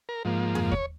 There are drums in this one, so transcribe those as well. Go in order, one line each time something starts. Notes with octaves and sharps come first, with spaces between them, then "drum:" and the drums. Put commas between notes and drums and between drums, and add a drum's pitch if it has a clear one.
A#4
G#2 F3 A#3
G#4, drum: tom F2
C#5, drum: kick D#2